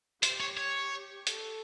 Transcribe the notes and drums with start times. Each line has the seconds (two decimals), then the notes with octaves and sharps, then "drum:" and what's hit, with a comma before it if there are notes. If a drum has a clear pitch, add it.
0.23 G4 C5, drum: hi-hat
0.41 C#5
0.57 C#5
1.27 A4, drum: hi-hat